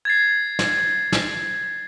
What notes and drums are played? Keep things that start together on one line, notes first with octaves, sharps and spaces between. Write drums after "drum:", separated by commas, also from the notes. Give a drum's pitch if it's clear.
G#6 A6 C7
drum: snare
drum: snare